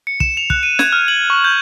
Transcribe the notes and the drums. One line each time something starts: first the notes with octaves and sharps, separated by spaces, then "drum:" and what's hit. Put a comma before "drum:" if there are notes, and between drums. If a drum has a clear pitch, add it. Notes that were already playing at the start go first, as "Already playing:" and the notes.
C#7
E7, drum: kick
F7
F#6, drum: kick
D#7
G#6, drum: snare
F6
F#7
C#6
G6